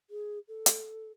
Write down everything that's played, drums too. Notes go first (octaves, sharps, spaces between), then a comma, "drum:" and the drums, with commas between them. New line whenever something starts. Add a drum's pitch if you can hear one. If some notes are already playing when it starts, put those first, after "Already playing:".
G#4
A4
drum: hi-hat